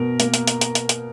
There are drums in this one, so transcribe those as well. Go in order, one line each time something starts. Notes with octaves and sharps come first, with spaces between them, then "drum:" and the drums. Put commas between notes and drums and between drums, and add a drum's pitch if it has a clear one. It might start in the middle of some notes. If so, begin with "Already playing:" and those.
Already playing: B2 A#4
A#3, drum: hi-hat
drum: hi-hat
drum: hi-hat
drum: hi-hat
drum: hi-hat
drum: hi-hat